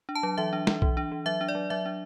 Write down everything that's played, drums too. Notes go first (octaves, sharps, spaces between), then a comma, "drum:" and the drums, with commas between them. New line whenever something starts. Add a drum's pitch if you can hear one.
D4
A5
F#3
E3 E5
D4
E3, drum: snare
E3, drum: kick B1
D4
E3
F#3 E5
D4
D5
F#3
F#3 E5
D4